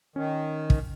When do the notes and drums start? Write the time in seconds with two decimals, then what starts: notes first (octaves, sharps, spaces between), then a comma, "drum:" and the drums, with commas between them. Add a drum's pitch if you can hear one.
0.16 D#3 C#4
0.70 drum: kick